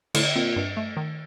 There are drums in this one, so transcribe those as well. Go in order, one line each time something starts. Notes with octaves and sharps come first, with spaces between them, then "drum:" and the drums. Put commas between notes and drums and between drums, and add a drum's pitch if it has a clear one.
A2 D3, drum: cymbal
A#2 C4
G2
A3
D#3